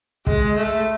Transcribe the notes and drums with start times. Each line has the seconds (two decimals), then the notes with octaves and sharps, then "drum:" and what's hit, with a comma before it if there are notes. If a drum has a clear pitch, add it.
0.27 G#3, drum: kick
0.56 A3